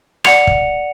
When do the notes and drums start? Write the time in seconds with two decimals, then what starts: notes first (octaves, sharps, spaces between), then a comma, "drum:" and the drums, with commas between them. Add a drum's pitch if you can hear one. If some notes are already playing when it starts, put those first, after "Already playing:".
0.24 D5 F#5 C#7 F7, drum: rim click
0.47 drum: kick